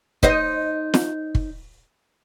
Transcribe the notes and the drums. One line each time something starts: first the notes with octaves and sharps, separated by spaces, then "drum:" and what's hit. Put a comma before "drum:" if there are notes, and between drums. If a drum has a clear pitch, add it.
D#4 C5 D#5, drum: kick
drum: snare
drum: kick